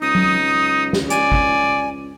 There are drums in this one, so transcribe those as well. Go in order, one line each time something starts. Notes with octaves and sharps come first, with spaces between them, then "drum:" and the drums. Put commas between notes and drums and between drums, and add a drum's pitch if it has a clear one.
C#2 D#4 D#6
drum: tom F#3
drum: snare
D5 G#5, drum: hi-hat
drum: kick